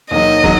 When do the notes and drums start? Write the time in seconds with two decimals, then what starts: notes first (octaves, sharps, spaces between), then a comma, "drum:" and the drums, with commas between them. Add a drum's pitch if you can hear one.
0.11 D#2 D#3 F#3 D#5
0.44 D#3 F#3, drum: kick